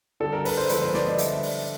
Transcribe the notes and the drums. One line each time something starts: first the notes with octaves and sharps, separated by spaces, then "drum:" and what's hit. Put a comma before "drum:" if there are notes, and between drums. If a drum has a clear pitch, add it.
D3 G3 A4
A#4
B4, drum: open hi-hat
C5
D3 F3 G#3 B4, drum: hi-hat
C5
D5, drum: snare
D#5
D3 G3 E5, drum: hi-hat
drum: open hi-hat